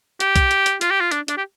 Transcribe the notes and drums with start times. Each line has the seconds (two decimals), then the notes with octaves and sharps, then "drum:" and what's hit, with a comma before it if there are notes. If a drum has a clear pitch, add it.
0.20 G4, drum: hi-hat
0.36 drum: kick C2, hi-hat
0.51 drum: hi-hat
0.66 drum: hi-hat
0.81 F4, drum: hi-hat
0.91 G4
1.00 F4
1.12 D4, drum: hi-hat
1.28 D4, drum: hi-hat
1.37 G4